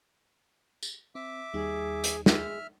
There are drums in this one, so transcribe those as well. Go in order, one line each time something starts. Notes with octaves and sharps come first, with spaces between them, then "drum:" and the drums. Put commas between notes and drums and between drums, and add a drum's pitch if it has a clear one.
drum: tambourine
C4 E5 D6
D#2 G3 D#4 G#4
drum: hi-hat
G#3 E5 F6, drum: snare